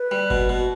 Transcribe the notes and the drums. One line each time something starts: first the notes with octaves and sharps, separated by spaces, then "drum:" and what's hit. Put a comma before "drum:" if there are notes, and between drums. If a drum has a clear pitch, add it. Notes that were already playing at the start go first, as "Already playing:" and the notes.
Already playing: B4
G3
B2, drum: kick G1
B2